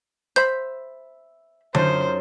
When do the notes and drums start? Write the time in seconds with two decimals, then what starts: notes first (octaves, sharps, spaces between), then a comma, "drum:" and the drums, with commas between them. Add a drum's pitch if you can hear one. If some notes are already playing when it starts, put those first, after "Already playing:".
0.36 C5 E5 B5 G6
1.75 F#2 D4 D#4 F4 C5, drum: tom D3